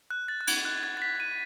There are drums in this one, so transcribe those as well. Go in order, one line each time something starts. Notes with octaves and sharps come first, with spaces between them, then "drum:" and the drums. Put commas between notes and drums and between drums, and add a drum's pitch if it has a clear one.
F#6
A6
F#6
G#6, drum: cymbal
F#6
G#6
A6
B6
D#7